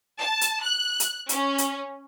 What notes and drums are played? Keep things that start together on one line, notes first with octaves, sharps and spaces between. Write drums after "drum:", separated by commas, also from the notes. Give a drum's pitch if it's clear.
A5
drum: hi-hat
F#6
drum: hi-hat
C#4, drum: hi-hat
drum: hi-hat